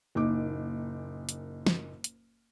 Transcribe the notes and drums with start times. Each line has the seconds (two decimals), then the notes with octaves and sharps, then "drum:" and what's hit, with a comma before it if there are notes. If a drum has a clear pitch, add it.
0.15 F#1 A#2 D#4 D6
1.29 drum: hi-hat
1.66 drum: snare
2.04 drum: hi-hat